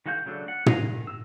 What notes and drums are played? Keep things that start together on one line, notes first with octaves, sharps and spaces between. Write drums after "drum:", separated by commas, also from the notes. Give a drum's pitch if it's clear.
D#3 G#3 F#4 F5 G6
C#3 F#3 A3 D4
F#5
F4 F#4 F5 G#5 A#5, drum: tom
D#3
E6